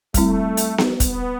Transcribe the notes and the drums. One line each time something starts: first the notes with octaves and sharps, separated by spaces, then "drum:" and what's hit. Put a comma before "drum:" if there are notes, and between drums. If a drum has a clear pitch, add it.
G3 A3 C4 E4, drum: kick, hi-hat
drum: hi-hat
drum: snare B3
B3, drum: kick, hi-hat